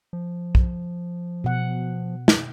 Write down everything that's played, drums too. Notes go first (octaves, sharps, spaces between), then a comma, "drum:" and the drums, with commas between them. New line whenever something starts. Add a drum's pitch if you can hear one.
F3
drum: kick
B2 F#5
drum: snare